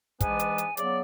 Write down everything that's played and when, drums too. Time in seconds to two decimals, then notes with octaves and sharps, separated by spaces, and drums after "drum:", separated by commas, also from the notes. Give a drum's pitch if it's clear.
0.21 G#2 E3 G#3 B3 D4 G#5, drum: kick, hi-hat
0.39 drum: hi-hat
0.58 drum: hi-hat
0.77 C#3 F#3 B3 D5, drum: hi-hat